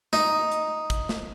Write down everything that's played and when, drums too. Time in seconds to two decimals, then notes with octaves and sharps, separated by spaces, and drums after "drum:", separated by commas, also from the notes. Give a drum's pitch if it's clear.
0.13 D#4, drum: snare
0.51 drum: hi-hat
0.90 drum: kick, hi-hat
1.09 drum: snare